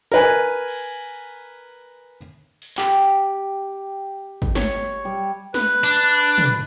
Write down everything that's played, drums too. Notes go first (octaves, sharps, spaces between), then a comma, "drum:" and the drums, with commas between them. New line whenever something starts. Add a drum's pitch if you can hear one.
A#4 B4 G#5, drum: hi-hat
drum: cymbal
drum: open hi-hat
G4, drum: clap
drum: kick
C#5, drum: snare
G3
B4, drum: snare
D4, drum: tambourine
drum: tom